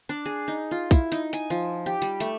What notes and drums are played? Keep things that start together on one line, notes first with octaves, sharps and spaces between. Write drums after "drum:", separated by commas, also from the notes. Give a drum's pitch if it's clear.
D4
G#4
D#4
F4
E4, drum: kick, hi-hat
D#4, drum: hi-hat
G#5, drum: hi-hat
F3
G4
G3, drum: hi-hat
A3, drum: hi-hat